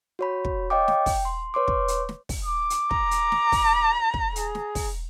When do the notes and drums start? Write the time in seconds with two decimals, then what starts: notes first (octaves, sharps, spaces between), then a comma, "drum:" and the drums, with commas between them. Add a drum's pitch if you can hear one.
0.19 F#4 C#5 B5
0.45 drum: kick
0.70 C#5 D#5 F5 G5 D6
0.88 G5, drum: snare
1.06 drum: kick, open hi-hat
1.25 C6
1.54 B4 C#5 C6 D6
1.68 drum: kick
1.88 drum: hi-hat
2.09 drum: snare
2.29 drum: kick, open hi-hat
2.45 D6
2.70 drum: hi-hat
2.91 A#5, drum: kick
3.11 drum: hi-hat
3.32 drum: snare
3.52 drum: kick, open hi-hat
4.14 drum: kick
4.36 G#4, drum: hi-hat
4.55 drum: snare
4.75 drum: kick, open hi-hat